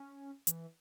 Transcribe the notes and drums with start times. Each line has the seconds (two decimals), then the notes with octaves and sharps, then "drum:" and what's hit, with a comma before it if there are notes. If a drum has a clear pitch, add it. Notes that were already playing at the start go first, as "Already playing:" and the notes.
Already playing: C#4
0.47 E3, drum: hi-hat